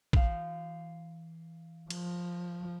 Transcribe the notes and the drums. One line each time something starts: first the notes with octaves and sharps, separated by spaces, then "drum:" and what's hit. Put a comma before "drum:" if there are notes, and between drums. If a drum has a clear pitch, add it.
E3 F5, drum: kick A#1
F3, drum: cymbal